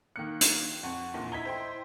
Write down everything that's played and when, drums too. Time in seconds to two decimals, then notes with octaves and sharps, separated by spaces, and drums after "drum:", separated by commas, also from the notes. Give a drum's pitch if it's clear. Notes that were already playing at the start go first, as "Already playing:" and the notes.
0.16 D#3 A#3 F#6 C#7
0.41 drum: hi-hat
0.83 F2 F#5 C#6
1.14 A#1 E2 A#2
1.32 E4 D#5 A#5 G#6 B6 G7
1.45 C5 G5 C6